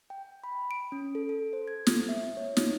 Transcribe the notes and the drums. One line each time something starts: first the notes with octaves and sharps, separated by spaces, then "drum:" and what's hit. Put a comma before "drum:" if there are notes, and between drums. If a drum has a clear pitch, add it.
G5
B5
D7
C#4
A4
A4
C5
G#6
drum: snare
E5
C#5
D#4, drum: snare